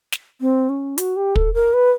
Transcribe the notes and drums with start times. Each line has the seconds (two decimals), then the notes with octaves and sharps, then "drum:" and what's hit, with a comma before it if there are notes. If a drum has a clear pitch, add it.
0.12 drum: snare
0.41 C4
0.69 C#4
0.98 F#4, drum: hi-hat
1.16 G4
1.36 A4, drum: kick
1.54 A#4
1.73 B4